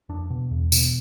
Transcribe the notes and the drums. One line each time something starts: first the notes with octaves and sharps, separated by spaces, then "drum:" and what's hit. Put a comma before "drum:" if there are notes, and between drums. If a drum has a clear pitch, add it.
F2 D4
B2
E2
B2, drum: tambourine